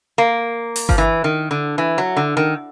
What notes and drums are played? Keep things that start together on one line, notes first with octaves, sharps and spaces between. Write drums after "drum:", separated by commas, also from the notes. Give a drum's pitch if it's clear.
A#3
drum: open hi-hat
F3, drum: kick G1
E3
D#3
D3
E3
F#3
D3
D#3